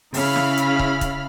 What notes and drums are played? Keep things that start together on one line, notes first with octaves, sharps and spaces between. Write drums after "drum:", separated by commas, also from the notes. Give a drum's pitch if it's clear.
C#3 E4 F5 B5 F6, drum: open hi-hat
drum: snare
drum: hi-hat
drum: kick
drum: kick, hi-hat